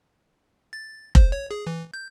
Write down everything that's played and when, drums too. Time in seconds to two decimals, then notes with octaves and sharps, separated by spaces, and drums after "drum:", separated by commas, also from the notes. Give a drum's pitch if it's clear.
0.73 A6
1.15 C5, drum: kick F1
1.32 C#5
1.51 G#4
1.67 E3
1.94 G6